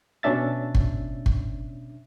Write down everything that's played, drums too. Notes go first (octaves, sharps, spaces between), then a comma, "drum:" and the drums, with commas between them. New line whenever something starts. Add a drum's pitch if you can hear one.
B2 C#4 D4 E5 A6
drum: kick G1
drum: kick G1